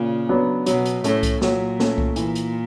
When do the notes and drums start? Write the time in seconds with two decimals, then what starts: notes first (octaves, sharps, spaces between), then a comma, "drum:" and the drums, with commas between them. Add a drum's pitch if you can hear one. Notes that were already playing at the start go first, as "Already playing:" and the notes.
Already playing: A#2 C#3
0.29 F#3 B3 D4
0.66 B2 F#3, drum: hi-hat
0.86 drum: hi-hat
1.04 A2 A3 C#4, drum: hi-hat
1.23 drum: kick C2, hi-hat
1.41 A#2 F#3, drum: snare
1.80 A3 C#4, drum: snare
1.98 drum: kick C2
2.16 A#2 E3, drum: hi-hat
2.35 drum: hi-hat